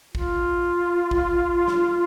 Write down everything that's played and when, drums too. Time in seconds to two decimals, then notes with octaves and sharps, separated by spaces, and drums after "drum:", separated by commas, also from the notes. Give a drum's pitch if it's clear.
0.15 F4, drum: kick
1.11 drum: kick
1.68 drum: snare